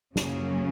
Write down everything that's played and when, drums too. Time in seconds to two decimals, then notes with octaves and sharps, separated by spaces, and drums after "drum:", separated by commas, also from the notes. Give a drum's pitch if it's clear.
0.16 F#2 C#3 F#3 A#3 C#4, drum: snare